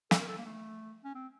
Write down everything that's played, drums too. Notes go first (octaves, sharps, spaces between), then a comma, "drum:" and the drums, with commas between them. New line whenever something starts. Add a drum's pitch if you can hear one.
A4, drum: snare
A#4
A4
A#3
A3
C#4
C4